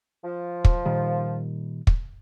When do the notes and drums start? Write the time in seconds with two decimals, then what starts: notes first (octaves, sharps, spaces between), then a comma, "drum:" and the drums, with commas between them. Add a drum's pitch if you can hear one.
0.24 F3
0.65 drum: kick
0.85 A#2 D#3 G3
1.87 drum: kick